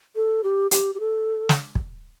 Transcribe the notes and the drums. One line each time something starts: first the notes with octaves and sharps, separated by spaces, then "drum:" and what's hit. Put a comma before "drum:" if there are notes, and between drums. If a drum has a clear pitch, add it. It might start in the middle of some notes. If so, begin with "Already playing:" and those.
A4
G4
G4, drum: hi-hat
G4
A4
drum: snare
drum: kick